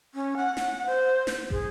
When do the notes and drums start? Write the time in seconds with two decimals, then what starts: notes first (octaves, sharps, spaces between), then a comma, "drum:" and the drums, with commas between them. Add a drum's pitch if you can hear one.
0.15 C#4
0.37 F#5
0.57 drum: snare
0.86 C5
1.27 drum: snare
1.50 G#4, drum: kick